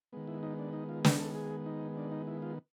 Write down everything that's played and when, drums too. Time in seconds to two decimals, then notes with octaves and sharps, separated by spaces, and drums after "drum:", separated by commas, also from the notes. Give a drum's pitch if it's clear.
0.13 D#3 G#3 B3
0.28 E4
0.43 D#4
0.59 D4
0.73 D#4
0.89 F4
1.05 B4, drum: snare
1.20 A4
1.35 G#4
1.66 D#4
1.97 D4
2.11 D#4
2.27 E4
2.42 F4